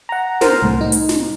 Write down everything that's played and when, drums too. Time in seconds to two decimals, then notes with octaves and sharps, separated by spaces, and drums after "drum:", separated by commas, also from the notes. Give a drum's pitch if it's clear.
0.09 F#5 A#5
0.41 A#4 C5, drum: snare
0.62 C2 A2
0.81 D#4
0.92 drum: hi-hat
1.09 drum: snare